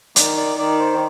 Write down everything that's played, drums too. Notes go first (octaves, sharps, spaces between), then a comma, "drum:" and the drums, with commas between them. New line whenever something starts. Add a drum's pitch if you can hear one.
D#3 D5, drum: hi-hat
D5
D#3 D5
C5